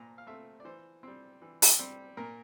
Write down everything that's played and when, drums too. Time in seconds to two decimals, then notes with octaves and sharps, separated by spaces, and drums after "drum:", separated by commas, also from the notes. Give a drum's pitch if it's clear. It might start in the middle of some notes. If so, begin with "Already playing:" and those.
Already playing: A#2 A#5
0.18 F5
0.27 A3 C4 E5
0.60 D5
0.65 E3 C5
1.03 G3 C4
1.42 E3
1.62 drum: open hi-hat
1.79 G3 C4
2.17 A#2 A#4